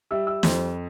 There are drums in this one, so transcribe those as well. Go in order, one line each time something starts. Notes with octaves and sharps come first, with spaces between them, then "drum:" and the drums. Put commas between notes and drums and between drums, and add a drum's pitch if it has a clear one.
G3 E5 E6
E5 E6
F2 C5 C6, drum: snare